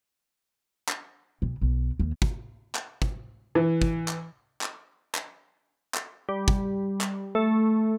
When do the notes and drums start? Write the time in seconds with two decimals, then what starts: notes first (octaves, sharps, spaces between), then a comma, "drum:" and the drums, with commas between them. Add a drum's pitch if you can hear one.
0.89 drum: clap
1.42 B1
1.61 B1
1.99 D#2
2.22 drum: kick
2.75 drum: clap
3.02 drum: kick
3.55 E3
3.82 drum: kick
4.08 drum: clap
4.61 drum: clap
5.15 drum: clap
5.95 drum: clap
6.29 G3
6.48 drum: kick
7.01 drum: clap
7.35 A3